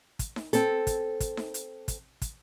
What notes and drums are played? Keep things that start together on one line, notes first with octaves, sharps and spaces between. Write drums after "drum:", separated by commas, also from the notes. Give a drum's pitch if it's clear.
drum: kick, hi-hat
drum: snare D#4
C4 A4, drum: hi-hat
drum: kick, hi-hat
drum: kick, hi-hat
drum: snare D#4
drum: hi-hat
drum: kick, hi-hat
drum: kick, hi-hat